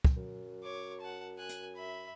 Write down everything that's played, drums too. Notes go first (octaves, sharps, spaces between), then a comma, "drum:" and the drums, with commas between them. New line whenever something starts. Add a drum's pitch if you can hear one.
drum: kick
F#2
C#5 D6
F#5 A5
G#5 F#6
drum: hi-hat
E5 B5